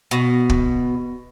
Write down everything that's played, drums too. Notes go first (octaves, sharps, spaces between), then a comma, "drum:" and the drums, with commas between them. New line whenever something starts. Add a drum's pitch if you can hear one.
B2
drum: kick